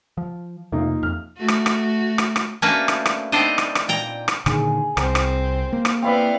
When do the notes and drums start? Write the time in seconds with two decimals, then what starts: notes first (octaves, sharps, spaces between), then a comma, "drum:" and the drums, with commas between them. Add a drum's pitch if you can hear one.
0.17 F3
0.72 F2 C3 A#3 D#4 F4
1.03 F2 F6
1.38 A3 F#4
1.48 drum: rim click
1.66 drum: rim click
2.18 drum: rim click
2.36 drum: rim click
2.62 A3 A#3 C#4 D4 F#4 B4
2.88 drum: rim click
3.06 drum: rim click
3.32 B3 C4 D4 D#4 C5 D#5
3.58 drum: rim click
3.75 drum: rim click
3.88 A#2 G5 A#5
4.28 drum: rim click
4.46 A#2 D3 D#3 G#4, drum: rim click
4.97 C2 C4 A#4, drum: rim click
5.15 drum: rim click
5.73 A#3
5.85 drum: rim click
6.02 B3 C4 E4 D5 F5